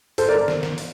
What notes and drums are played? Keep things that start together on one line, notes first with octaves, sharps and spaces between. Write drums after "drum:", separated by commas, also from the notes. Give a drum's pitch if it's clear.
A4 C5, drum: open hi-hat
A#4 D5
drum: snare
drum: snare
drum: open hi-hat